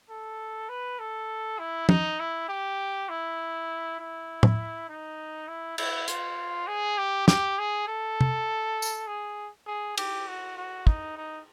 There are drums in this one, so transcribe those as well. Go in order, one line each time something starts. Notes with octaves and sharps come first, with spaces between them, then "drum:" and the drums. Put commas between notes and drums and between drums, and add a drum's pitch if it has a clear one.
A4
B4
A4
E4
D#4, drum: tom
E4
G4
E4
E4
drum: tom A2
D#4
E4
E4, drum: cymbal
F4, drum: hi-hat
G#4
G4
G4, drum: snare
G#4
A4
drum: tom C3
drum: tambourine
G#4
G#4
G4, drum: cymbal
F#4
F#4
D#4, drum: kick
D#4